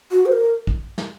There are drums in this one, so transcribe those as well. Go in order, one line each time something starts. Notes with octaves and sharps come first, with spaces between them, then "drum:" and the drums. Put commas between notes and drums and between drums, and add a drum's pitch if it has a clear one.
F#4
C5
A#4
drum: kick
drum: snare